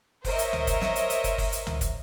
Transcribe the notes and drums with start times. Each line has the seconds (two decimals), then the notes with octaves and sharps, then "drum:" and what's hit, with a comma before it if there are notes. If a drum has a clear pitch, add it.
0.24 A#4 C5 C#5 D#5 E5, drum: kick, open hi-hat
0.39 drum: hi-hat
0.53 drum: tom
0.67 drum: kick, hi-hat
0.81 drum: snare
0.96 drum: hi-hat
1.10 drum: hi-hat
1.24 drum: kick, hi-hat
1.38 drum: kick, open hi-hat
1.52 drum: hi-hat
1.67 drum: tom
1.81 drum: kick, hi-hat